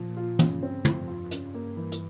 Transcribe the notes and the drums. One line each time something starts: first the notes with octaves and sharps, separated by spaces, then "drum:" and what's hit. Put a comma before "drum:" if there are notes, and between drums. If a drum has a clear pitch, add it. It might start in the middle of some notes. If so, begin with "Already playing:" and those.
Already playing: A#2 F3
F4
G2 C#3, drum: tom
C4
F2 F3, drum: tom
F4
G2 C#3, drum: hi-hat
A#3
E3
drum: hi-hat